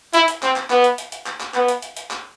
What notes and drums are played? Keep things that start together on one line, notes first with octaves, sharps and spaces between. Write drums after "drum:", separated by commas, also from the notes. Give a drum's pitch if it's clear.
E4, drum: hi-hat
drum: hi-hat
C4, drum: clap
drum: clap
B3, drum: clap
drum: hi-hat
drum: hi-hat
drum: hi-hat
drum: clap
drum: clap
B3, drum: clap
drum: hi-hat
drum: hi-hat
drum: hi-hat
drum: clap